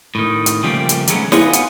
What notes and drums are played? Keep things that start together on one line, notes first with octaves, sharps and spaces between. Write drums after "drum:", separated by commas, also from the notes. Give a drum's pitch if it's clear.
A2 D#3
drum: hi-hat
C#3 F3 G3 A3 A#3 G4
drum: hi-hat
D#3 F#3 G#3 A3 B3 C#4, drum: hi-hat
B3 D#4 F4 F#4 G#5, drum: snare
drum: hi-hat